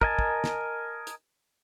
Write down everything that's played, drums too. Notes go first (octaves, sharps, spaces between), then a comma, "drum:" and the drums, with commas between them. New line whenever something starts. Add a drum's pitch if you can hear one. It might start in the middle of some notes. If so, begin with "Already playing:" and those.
A#4 D#5 G#5 A5, drum: kick
drum: kick
drum: snare
drum: hi-hat